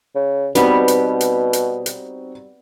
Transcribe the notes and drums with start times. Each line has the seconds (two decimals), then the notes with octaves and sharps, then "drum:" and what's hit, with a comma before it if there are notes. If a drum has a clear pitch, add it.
0.15 C#3
0.55 B2 G3 B3 C4 D#4 F#4, drum: hi-hat
0.88 drum: hi-hat
1.21 drum: hi-hat
1.53 drum: hi-hat
1.86 drum: hi-hat